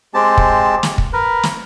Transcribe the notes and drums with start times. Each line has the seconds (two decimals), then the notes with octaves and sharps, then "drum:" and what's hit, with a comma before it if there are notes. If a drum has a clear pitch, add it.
0.14 G#3 C4 G4 A5
0.38 drum: kick
0.83 drum: snare
0.98 drum: kick
1.13 A#4 B4
1.43 drum: snare